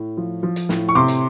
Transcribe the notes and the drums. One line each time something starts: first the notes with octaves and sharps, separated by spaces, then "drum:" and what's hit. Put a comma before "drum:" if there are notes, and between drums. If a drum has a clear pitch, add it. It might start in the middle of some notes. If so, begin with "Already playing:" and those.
Already playing: A2
F3
F3
drum: hi-hat
A2, drum: snare
C#6
C3 C6 D6
drum: hi-hat